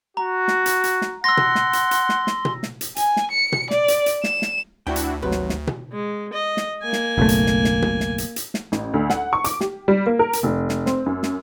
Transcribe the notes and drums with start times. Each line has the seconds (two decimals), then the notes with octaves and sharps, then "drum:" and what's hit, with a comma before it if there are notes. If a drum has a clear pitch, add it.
0.17 F#4 A#5
0.48 drum: snare
0.66 drum: hi-hat
0.84 drum: hi-hat
1.02 drum: snare
1.24 F#5 C6 E6 A#6
1.37 drum: tom B2
1.55 drum: snare
1.73 drum: hi-hat
1.91 drum: hi-hat
2.09 drum: snare
2.27 drum: snare
2.45 drum: tom B2
2.63 drum: snare
2.81 drum: hi-hat
2.96 G#5, drum: hi-hat
3.17 drum: snare
3.31 C#7
3.52 drum: tom B2
3.71 D5, drum: snare
3.88 drum: hi-hat
4.06 drum: hi-hat
4.24 E7, drum: snare
4.42 drum: snare
4.87 D2 D4 E4 F#4 G5
4.96 drum: hi-hat
5.22 G#1 D#2 C3 F#3 B4
5.32 drum: snare
5.49 drum: snare
5.67 drum: tom B2
5.92 G#3
6.33 D#5
6.57 drum: snare
6.83 A#3 G#5
6.93 drum: snare
7.18 F#1 B1 A3
7.29 drum: hi-hat
7.47 drum: snare
7.64 drum: snare
7.82 drum: tom B2
8.00 drum: snare
8.18 drum: hi-hat
8.36 drum: hi-hat
8.54 drum: snare
8.72 A1, drum: snare
8.94 D2
9.10 F#5, drum: snare
9.33 C#6
9.44 D6, drum: hi-hat
9.60 G4, drum: snare
9.88 G3
10.06 A#3
10.19 A#4
10.33 drum: hi-hat
10.43 F1
10.69 drum: snare
10.86 C4, drum: snare
11.06 F#2
11.23 drum: snare